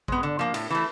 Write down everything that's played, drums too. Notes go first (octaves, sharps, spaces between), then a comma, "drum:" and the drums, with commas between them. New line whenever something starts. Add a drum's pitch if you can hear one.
G#3 B3, drum: kick A1
D3
F3 A#3
A2, drum: cymbal
E3 A3